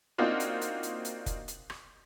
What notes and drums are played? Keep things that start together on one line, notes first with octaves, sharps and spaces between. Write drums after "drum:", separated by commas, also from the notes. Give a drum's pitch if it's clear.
A#3 C4 D4 D#4 F4 F#4
drum: hi-hat
drum: hi-hat
drum: hi-hat
drum: hi-hat
drum: kick F1, hi-hat
drum: hi-hat
drum: rim click